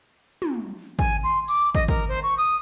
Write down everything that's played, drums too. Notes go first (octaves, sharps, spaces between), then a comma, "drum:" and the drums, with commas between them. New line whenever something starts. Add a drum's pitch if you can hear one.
drum: tom
G#5, drum: kick
C6
D6, drum: tambourine
D#5, drum: kick
A#4, drum: kick
C5
C#6
D#6